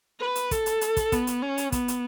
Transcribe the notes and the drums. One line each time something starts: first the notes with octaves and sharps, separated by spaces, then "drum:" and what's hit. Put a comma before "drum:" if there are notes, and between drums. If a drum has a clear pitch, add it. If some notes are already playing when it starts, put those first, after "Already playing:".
B4
drum: hi-hat
A4, drum: kick, hi-hat
drum: hi-hat
drum: hi-hat
drum: kick, hi-hat
B3, drum: kick, hi-hat
drum: hi-hat
C#4
drum: hi-hat
B3, drum: kick, hi-hat
drum: hi-hat